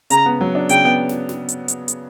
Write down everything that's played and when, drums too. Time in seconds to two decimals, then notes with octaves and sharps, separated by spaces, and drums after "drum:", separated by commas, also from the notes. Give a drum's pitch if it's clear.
0.10 C#3 A#5, drum: hi-hat
0.26 B3
0.41 F#3
0.55 D4
0.69 C#3 G5, drum: hi-hat
0.85 B3
1.09 drum: snare
1.29 drum: snare
1.49 drum: hi-hat
1.68 drum: hi-hat
1.88 drum: hi-hat